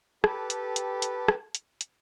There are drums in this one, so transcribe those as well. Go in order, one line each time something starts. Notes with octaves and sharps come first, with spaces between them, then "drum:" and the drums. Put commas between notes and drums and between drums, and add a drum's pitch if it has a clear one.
G4 A4 B4, drum: rim click
drum: hi-hat
drum: hi-hat
drum: hi-hat
drum: rim click
drum: hi-hat
drum: hi-hat